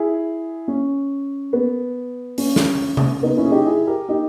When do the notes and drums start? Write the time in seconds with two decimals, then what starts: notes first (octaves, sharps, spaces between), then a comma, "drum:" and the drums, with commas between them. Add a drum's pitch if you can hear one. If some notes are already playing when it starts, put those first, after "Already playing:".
Already playing: E4 G#4
0.68 C#4
1.53 B3
2.38 C#4, drum: open hi-hat
2.56 drum: snare
2.97 drum: tom C3
3.23 B3 D#4
3.37 C#4 E4
3.45 G#4
3.51 D#4 G4
3.66 E4 G#4
3.87 G4 A#4
4.08 D#4 G4